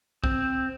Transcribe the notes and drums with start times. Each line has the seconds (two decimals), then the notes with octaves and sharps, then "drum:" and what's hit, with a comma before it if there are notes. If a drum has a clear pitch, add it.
0.24 C4, drum: kick